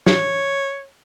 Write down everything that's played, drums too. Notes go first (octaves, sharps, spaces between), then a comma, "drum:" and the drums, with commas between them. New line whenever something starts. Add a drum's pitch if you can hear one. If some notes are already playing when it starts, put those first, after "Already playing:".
C#5, drum: snare